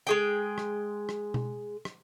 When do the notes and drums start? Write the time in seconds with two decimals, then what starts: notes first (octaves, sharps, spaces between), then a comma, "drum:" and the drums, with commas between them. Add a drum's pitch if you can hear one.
0.07 G#3 G#4 G5
0.58 drum: rim click
1.09 drum: rim click
1.34 drum: tom B2
1.85 drum: rim click